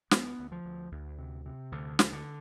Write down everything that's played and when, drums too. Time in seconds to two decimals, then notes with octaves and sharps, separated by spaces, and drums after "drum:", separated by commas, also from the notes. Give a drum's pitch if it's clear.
0.11 D2 B3, drum: snare
0.39 D2
0.52 F3
0.65 D2
0.92 D2
1.19 C3
1.46 C3
1.72 D2 D3
1.99 D2, drum: snare
2.13 D3